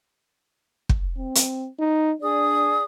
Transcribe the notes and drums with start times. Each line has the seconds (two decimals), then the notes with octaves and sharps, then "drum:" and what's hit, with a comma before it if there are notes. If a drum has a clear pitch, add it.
0.89 drum: kick
1.17 C4
1.35 drum: hi-hat
1.79 D#4
2.22 D4 G#4 D5 D#6